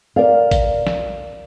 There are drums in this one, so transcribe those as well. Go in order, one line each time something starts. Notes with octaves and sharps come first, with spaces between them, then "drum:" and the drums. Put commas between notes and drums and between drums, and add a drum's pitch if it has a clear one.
A#4 D5 F5
drum: kick A1, hi-hat
drum: snare